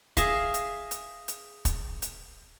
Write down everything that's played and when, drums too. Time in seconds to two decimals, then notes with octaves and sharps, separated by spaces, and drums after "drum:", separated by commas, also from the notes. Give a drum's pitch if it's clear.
0.17 G#4 E5 F5 D#6 A#6 B6, drum: kick, hi-hat
0.54 drum: hi-hat
0.91 drum: hi-hat
1.28 drum: hi-hat
1.65 drum: kick, hi-hat
2.02 drum: hi-hat